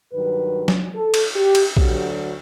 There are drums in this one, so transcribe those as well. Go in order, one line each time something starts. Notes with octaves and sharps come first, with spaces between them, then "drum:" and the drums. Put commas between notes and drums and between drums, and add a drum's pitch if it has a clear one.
G2 D#3 F#3 B4
drum: snare F#3
A4
drum: cymbal
G4
drum: cymbal
D2 D3 F#3 G4, drum: kick A#1